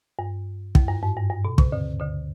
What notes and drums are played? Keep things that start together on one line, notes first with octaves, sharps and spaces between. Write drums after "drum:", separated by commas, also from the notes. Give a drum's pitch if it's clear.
G2
F#2, drum: kick
G2
G#2
G2
G2
B2
C#3, drum: kick
D2 D3
D2 D3